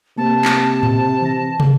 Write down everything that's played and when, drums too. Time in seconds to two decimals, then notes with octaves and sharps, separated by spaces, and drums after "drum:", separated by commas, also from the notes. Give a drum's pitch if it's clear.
0.18 C3 A#3 A5
0.45 drum: clap
0.83 drum: tom A2
1.21 E3 A#6
1.60 drum: tom